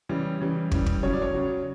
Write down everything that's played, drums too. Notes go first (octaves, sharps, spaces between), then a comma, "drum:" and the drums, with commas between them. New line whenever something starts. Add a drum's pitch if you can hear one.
C#3 E3 G3
C#3 E3 G3
C#3 E3 G3, drum: kick
drum: kick
C#3 F#3 C#5
D5
C#5
C#3 F#3